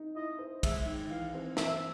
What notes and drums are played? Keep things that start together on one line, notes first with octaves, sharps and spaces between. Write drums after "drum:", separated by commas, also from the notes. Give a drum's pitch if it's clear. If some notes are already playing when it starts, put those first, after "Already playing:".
Already playing: D#4
E4 D#5
C5
G#3 E5, drum: kick, cymbal
D#3
E3 F5
C4
E3 E5, drum: snare